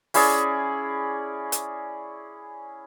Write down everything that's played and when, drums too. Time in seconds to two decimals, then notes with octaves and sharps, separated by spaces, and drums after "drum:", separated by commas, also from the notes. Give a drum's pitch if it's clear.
0.14 C#4 E4 G#4 D5, drum: open hi-hat
1.52 drum: hi-hat